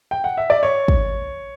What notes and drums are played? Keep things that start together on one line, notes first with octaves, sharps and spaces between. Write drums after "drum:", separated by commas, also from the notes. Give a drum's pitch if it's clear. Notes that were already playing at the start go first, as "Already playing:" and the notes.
G5
F#5
E5
D5
C#5
drum: kick